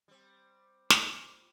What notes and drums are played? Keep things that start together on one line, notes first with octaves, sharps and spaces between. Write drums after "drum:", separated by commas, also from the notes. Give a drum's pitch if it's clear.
G3 C4
D4 D#4 D6, drum: snare
G#5 A#5 F6
F4